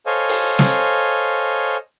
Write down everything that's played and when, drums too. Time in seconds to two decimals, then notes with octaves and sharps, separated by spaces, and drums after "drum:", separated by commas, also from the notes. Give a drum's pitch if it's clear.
0.06 A4 C5 C#5 D#5 F5 G#5
0.29 drum: open hi-hat
0.59 drum: snare